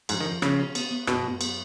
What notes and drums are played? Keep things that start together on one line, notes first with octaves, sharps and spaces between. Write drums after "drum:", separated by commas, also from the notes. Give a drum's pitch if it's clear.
F2 G#2, drum: cymbal
D#3
F3
C#3 F3, drum: rim click
C#4
B3, drum: cymbal
B3
F#2 B2, drum: rim click
F#2
B3, drum: cymbal